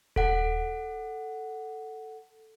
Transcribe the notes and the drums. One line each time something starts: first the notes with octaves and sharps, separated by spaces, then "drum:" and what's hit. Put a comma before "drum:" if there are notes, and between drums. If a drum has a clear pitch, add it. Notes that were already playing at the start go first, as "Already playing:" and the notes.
A4 F#5, drum: kick D#1